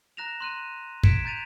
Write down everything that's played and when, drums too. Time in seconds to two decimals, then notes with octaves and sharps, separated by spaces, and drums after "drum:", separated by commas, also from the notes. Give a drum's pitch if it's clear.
0.17 A#5 F#6 A#6 E7 F7
0.40 C6 F#6 D#7
1.03 G#6 B6 C#7 D7 E7, drum: kick
1.25 A#5 G6 A6 D#7 F7